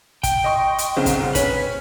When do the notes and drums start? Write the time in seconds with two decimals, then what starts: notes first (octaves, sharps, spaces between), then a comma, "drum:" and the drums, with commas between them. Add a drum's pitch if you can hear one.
0.23 G5, drum: kick, hi-hat
0.44 D#5 C6 C#6
0.78 drum: hi-hat
0.97 C2 C#3 C4
1.06 drum: kick, hi-hat
1.35 C#4 B4, drum: kick, hi-hat